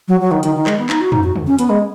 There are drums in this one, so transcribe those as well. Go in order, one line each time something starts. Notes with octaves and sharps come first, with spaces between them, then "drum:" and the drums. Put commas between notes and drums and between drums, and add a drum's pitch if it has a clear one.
F#3
F#3
D#3
D#3, drum: hi-hat
D#3
G#3, drum: clap
B3
D#4, drum: clap
F#4
D#4, drum: tom
F#4
drum: tom
C#4
B3, drum: hi-hat
G#3